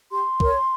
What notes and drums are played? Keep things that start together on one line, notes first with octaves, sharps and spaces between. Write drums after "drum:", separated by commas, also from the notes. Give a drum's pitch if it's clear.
G4 C6
A#4 C#5, drum: kick